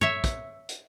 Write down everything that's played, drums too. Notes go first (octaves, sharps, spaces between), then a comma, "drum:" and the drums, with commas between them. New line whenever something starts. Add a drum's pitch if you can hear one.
C#5 E5, drum: tom
drum: kick, hi-hat
drum: hi-hat